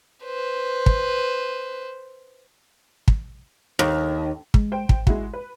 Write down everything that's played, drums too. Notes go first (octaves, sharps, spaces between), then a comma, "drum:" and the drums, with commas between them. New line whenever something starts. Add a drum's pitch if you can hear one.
B4 C5
drum: kick
drum: kick
D#2
G#3, drum: kick
C5 G5
G#1, drum: kick
G#3 E4 F#4, drum: kick
B4